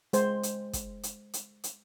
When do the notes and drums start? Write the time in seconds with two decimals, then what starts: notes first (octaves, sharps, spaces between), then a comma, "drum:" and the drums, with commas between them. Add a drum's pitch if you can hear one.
0.13 G#3 C5, drum: hi-hat
0.43 drum: hi-hat
0.73 drum: kick, hi-hat
1.03 drum: hi-hat
1.34 drum: hi-hat
1.64 drum: hi-hat